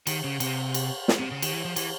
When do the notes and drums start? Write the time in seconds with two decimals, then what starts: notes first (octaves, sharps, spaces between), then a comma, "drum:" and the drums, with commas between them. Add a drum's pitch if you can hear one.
0.07 D#3, drum: cymbal
0.24 C#3
0.40 C3, drum: cymbal
0.74 drum: cymbal
1.08 drum: snare
1.20 C3
1.31 C#3
1.42 D#3, drum: cymbal
1.53 E3
1.65 F3
1.76 E3, drum: cymbal